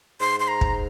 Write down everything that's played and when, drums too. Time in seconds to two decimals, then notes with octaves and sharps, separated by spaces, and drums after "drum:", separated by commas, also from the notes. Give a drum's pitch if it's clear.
0.20 G#2 C6
0.40 C6
0.48 A#5
0.61 drum: kick